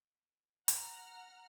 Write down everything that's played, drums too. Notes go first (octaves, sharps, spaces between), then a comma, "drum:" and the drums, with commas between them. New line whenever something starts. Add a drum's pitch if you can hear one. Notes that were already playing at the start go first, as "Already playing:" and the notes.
F#5 A#5 F6, drum: hi-hat